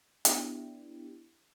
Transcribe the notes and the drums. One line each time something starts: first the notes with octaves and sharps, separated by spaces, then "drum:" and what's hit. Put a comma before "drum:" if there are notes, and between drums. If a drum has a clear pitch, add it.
B3 D4 E4 G4, drum: hi-hat